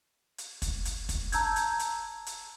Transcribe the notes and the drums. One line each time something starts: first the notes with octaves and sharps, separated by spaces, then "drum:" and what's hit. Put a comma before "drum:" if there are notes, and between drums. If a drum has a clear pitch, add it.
drum: hi-hat
drum: kick, hi-hat
drum: hi-hat
drum: kick, hi-hat
A5 A#5 E6 G6 G#6, drum: hi-hat
drum: hi-hat
drum: hi-hat
drum: hi-hat